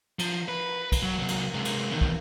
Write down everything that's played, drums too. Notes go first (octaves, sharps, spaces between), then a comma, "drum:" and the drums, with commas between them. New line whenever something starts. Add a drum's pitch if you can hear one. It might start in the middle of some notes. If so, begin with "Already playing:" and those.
F3, drum: cymbal
B4
drum: kick, cymbal
F#3
C3 F#3
drum: cymbal
C3 G#3
drum: cymbal
E2 D#3
drum: kick